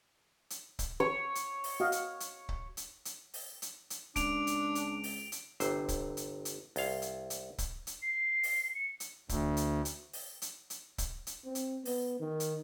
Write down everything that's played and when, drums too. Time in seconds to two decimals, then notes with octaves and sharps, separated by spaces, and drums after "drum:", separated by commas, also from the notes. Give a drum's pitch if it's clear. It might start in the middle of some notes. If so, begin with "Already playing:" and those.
0.50 drum: hi-hat
0.79 drum: kick C#1, hi-hat
1.00 C#5
1.35 drum: hi-hat
1.64 drum: open hi-hat
1.80 F#4 D#5 F5
1.92 drum: hi-hat
2.20 drum: hi-hat
2.49 drum: kick C#1
2.77 drum: hi-hat
3.05 drum: hi-hat
3.34 drum: open hi-hat
3.62 drum: hi-hat
3.90 drum: hi-hat
4.16 C#2 D4 D7 F7, drum: kick C#1, hi-hat
4.47 drum: hi-hat
4.75 drum: hi-hat
5.04 drum: open hi-hat
5.32 drum: hi-hat
5.60 G1 C3 C5, drum: hi-hat
5.88 drum: kick C#1, hi-hat
6.17 drum: hi-hat
6.45 drum: hi-hat
6.76 C2 F5, drum: open hi-hat
7.02 drum: hi-hat
7.30 drum: hi-hat
7.58 drum: kick C#1, hi-hat
7.87 drum: hi-hat
8.02 C7
8.43 drum: open hi-hat
8.75 C#7
9.00 drum: hi-hat
9.29 D2, drum: kick C#1, hi-hat
9.57 drum: hi-hat
9.85 drum: hi-hat
10.13 drum: open hi-hat
10.42 drum: hi-hat
10.70 drum: hi-hat
10.98 drum: kick C#1, hi-hat
11.27 drum: hi-hat
11.45 C4
11.55 drum: hi-hat
11.85 B3, drum: open hi-hat
12.20 D#3
12.40 drum: hi-hat